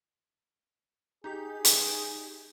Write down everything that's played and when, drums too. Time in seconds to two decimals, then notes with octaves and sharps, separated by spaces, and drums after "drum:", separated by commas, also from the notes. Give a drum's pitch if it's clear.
1.24 D#4 G4 G#4 G6
1.65 drum: hi-hat